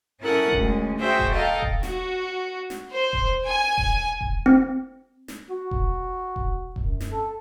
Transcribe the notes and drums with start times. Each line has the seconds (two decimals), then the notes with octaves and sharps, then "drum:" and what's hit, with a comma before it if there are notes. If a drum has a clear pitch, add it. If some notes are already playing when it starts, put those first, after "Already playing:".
0.21 C#4 E4 A4 A#4 F#5 D#6
0.53 D2 G#3 C#4, drum: kick E1
0.99 F#4 G#4 C5 E5 G5
1.19 drum: kick E1
1.33 A4 D#5 F5 G5 A#5
1.62 drum: kick E1
1.83 F#4, drum: snare
2.70 drum: snare
2.91 C5
3.13 drum: kick E1
3.46 G#5
3.78 drum: kick E1
4.21 drum: kick E1
4.46 C4
5.28 drum: snare
5.50 F#4
5.71 drum: kick E1
6.36 drum: kick E1
6.76 F#2, drum: kick E1
7.00 drum: snare
7.12 A4